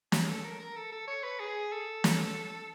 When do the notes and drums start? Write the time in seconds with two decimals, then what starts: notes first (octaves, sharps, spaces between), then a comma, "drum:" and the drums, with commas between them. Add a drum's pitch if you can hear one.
0.12 G#4, drum: snare
0.23 G#4
0.28 A4
0.45 A#4
0.60 A#4
0.76 A4
0.92 A4
1.08 C#5
1.24 B4
1.40 G#4
1.73 A4
2.04 drum: snare